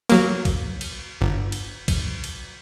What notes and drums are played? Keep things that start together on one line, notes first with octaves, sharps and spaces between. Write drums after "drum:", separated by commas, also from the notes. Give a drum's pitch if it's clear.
F#3 A#3, drum: cymbal
drum: kick, cymbal
drum: cymbal
G1
drum: cymbal
drum: kick, cymbal
drum: cymbal